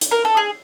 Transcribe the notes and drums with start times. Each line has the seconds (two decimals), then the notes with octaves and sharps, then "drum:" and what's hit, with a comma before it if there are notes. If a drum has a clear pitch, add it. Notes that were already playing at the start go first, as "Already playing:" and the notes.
0.01 drum: hi-hat
0.11 A#4
0.25 A4
0.37 G#4